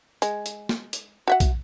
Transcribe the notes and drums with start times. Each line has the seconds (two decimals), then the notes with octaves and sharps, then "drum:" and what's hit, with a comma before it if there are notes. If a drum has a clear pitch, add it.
0.22 G#3, drum: hi-hat
0.46 drum: hi-hat
0.69 drum: snare
0.93 drum: hi-hat
1.28 F#4 E5 F#5
1.40 drum: kick, hi-hat